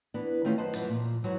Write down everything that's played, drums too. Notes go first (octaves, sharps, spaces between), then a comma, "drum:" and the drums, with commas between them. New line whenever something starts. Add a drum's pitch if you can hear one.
E3 B3 D4
D#3 A3 C#4 D#4 F4 G4
F#2 D#3 B4 C5 D#5 A5
F#2 E3 F3, drum: open hi-hat
A#2 F3
G#2 E3 F#3 F#4